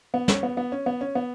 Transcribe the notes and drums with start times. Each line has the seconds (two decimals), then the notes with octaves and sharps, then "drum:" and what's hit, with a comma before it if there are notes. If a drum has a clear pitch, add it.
0.14 B3
0.28 C#4, drum: snare
0.43 B3
0.57 B3
0.72 C#4
0.86 B3
1.01 C#4
1.15 B3